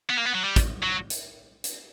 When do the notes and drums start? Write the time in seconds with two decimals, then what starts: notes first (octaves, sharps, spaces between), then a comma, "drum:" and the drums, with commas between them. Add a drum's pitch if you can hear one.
0.10 B3
0.17 A#3
0.26 B3
0.34 F#3
0.43 G3
0.56 drum: kick, hi-hat
0.83 F#3
1.10 drum: hi-hat
1.64 drum: hi-hat